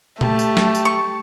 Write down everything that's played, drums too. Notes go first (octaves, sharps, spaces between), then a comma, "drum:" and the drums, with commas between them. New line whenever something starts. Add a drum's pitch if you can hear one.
A3 G4 A5, drum: tom A#2
drum: tambourine
drum: snare
drum: tambourine
C#6